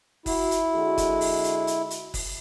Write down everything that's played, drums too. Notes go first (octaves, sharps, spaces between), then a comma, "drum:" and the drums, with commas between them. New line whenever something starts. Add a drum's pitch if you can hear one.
E4 F#4, drum: kick F#1, open hi-hat
drum: hi-hat
D3 G#3 F#4
drum: kick F#1, hi-hat
drum: open hi-hat
drum: hi-hat
drum: hi-hat
drum: hi-hat
drum: kick F#1, open hi-hat